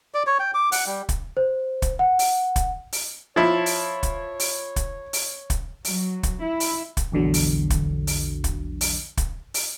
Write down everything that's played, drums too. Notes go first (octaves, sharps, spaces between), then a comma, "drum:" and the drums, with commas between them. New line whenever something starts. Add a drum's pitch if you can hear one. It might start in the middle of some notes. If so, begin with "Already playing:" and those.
D5
C#5
G5
D6
F#5, drum: open hi-hat
G3
drum: kick, hi-hat
C5
drum: kick, hi-hat
F#5
drum: open hi-hat
drum: kick, hi-hat
drum: open hi-hat
F3 E4 C#5
drum: open hi-hat
drum: kick, hi-hat
drum: open hi-hat
drum: kick, hi-hat
drum: open hi-hat
drum: kick, hi-hat
F#3, drum: open hi-hat
drum: kick, hi-hat
E4
drum: open hi-hat
drum: kick, hi-hat
A#1 E2 D3 F#3
drum: open hi-hat
drum: kick, hi-hat
drum: open hi-hat
drum: kick, hi-hat
drum: open hi-hat
drum: kick, hi-hat
drum: open hi-hat